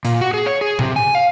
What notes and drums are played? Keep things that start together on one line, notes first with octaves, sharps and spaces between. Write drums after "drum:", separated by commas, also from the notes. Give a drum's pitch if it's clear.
A#2, drum: hi-hat
F#4
G#4
C#5
G#4
C3, drum: tom A2
G#5
F5